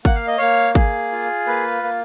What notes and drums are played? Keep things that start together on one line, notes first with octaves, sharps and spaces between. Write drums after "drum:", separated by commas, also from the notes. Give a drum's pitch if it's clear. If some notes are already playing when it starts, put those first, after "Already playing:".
A#3 F#5, drum: kick G#1
F5
D#5
A#3 C#5 F5
G#4, drum: kick G#1
F4
A#3 B4
A#3